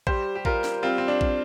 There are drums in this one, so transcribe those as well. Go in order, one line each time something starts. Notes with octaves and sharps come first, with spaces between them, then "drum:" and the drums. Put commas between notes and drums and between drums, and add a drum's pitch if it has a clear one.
G3 G4 C5, drum: kick A#1
G4
G3 F4 A#4, drum: kick A#1
drum: snare
G3 C4 F4
C4
D4
drum: kick A#1